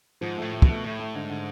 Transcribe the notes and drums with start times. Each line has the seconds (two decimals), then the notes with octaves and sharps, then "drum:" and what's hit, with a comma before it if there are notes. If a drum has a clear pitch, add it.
0.21 G#2 F3
0.37 A2 A3
0.53 A3
0.62 B2, drum: kick
0.68 A3
0.84 A2 A3
0.99 A3
1.15 G#2 D3
1.30 D3